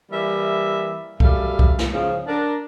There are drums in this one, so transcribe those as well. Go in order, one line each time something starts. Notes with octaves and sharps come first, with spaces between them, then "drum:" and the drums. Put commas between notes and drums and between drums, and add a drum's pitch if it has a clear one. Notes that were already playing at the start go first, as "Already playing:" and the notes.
E3 G3 A#3 E5
F#2 G3 A3 F5, drum: kick C2
drum: kick C2
drum: snare
G#2 C#3 F3
D4 A#4